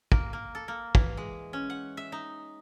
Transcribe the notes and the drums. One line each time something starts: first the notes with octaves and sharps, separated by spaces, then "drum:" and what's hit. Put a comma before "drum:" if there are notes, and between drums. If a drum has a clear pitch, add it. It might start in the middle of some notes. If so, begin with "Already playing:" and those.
A#3, drum: kick
A#3
A4
A#3
E3, drum: kick
G#3
C#4
F#5
E5
D#4